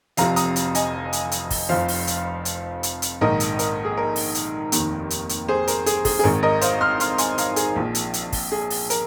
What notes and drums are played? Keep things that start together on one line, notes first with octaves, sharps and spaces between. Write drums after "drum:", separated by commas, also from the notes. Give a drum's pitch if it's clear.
F1 F2 C3 F3 F5 A#5, drum: hi-hat
A#5 D#6, drum: hi-hat
drum: hi-hat
D#5 G#5, drum: hi-hat
drum: hi-hat
drum: hi-hat
drum: kick, open hi-hat
F1 F2 F3 C5 F5
drum: open hi-hat
drum: hi-hat
drum: hi-hat
drum: hi-hat
drum: hi-hat
A#1 G#2 D#3 A#4 D#5
drum: hi-hat
A#4, drum: hi-hat
G#4
A#4
drum: open hi-hat
drum: hi-hat
F1 D#2 D#3, drum: hi-hat
drum: hi-hat
drum: hi-hat
G#4 C5
A#4, drum: hi-hat
G#4, drum: hi-hat
G#4, drum: kick, open hi-hat
G#4
G#1 G#2 D#3 A#4
A#4 D#5
C5 F5, drum: hi-hat
C6 F6
C6 F6, drum: hi-hat
G#5 C6, drum: hi-hat
F5 A#5, drum: hi-hat
G#4, drum: hi-hat
A#1 A#2 F3
drum: hi-hat
drum: hi-hat
drum: kick, open hi-hat
G#4
drum: open hi-hat
A#4, drum: hi-hat